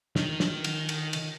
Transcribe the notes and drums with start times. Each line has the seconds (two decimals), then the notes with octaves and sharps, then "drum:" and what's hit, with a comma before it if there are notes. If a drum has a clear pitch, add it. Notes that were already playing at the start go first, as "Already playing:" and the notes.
0.16 D#3 D#4, drum: snare
0.40 drum: snare
0.64 drum: cymbal
0.89 drum: cymbal
1.13 drum: cymbal